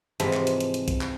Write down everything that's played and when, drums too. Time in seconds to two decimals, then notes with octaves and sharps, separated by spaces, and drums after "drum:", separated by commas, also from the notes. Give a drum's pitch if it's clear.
0.20 G#2 C3 E3 F3, drum: hi-hat
0.33 drum: clap
0.47 drum: hi-hat
0.60 drum: hi-hat
0.74 drum: hi-hat
0.88 drum: kick C2, hi-hat
1.01 drum: clap